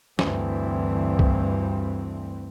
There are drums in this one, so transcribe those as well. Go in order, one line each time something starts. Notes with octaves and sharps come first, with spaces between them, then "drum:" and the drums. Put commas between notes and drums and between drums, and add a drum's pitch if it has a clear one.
D2 G2 E3 C4, drum: snare
drum: kick C2